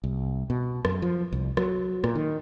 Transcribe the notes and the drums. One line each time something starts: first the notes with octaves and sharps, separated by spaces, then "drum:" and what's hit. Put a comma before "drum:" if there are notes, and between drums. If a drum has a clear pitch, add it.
C2
B2
F#2, drum: rim click
F3
C2
F#3, drum: rim click
A#2, drum: rim click
D#3